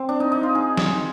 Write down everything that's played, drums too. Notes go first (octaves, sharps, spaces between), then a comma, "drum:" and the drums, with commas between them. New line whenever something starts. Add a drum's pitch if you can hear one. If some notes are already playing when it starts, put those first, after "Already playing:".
Already playing: C4
D4
D#4
D#4
F4
G#4
drum: snare